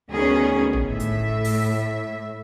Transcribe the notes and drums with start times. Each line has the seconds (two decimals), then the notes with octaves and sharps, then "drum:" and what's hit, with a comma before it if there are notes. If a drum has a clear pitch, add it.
0.11 D2 D#3 B3 C#4 G#4
0.73 drum: tom
0.90 A2 E5
1.00 drum: hi-hat
1.45 drum: open hi-hat